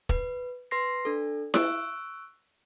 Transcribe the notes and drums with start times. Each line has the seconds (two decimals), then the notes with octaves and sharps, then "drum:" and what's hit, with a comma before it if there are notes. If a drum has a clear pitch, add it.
0.09 B4, drum: kick
0.71 B4 C6 A#6 C7
1.05 D4 A4
1.54 C#6 E6 F#6 D7, drum: snare E4